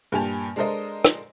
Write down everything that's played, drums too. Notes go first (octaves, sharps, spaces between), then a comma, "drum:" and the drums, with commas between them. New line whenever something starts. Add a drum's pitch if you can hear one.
G2 A#2 G4 G#5 A5 F7
G#3 D4 A4 A#4 C5 D#5
drum: rim click